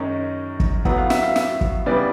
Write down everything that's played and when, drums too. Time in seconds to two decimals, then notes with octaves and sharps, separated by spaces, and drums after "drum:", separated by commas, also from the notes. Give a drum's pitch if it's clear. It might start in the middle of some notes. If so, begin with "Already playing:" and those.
Already playing: F#2 D#3 G#3 C#4
0.60 drum: kick
0.85 A2 F#3 B3 F#5, drum: kick
0.98 F5
1.10 E5, drum: snare
1.23 F5
1.36 E5, drum: snare
1.61 drum: kick
1.86 C#3 E3 G3 B3 D5